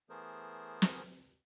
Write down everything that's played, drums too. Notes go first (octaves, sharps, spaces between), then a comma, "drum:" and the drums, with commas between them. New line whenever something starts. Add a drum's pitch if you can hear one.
E3 A3 B3 G#4 A#4 C5
drum: snare